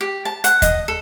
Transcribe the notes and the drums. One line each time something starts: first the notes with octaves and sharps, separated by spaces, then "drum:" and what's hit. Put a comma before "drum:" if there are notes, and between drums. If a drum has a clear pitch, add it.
G4
A5
F#5, drum: hi-hat
D#5, drum: kick D#2, hi-hat
A4